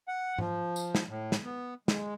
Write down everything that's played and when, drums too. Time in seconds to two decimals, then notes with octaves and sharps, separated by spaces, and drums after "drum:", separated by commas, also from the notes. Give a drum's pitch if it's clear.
0.08 F#5
0.38 F3, drum: tom G#2
0.76 drum: tambourine
0.95 drum: snare
1.09 A2
1.32 drum: snare
1.45 B3
1.88 G#3, drum: snare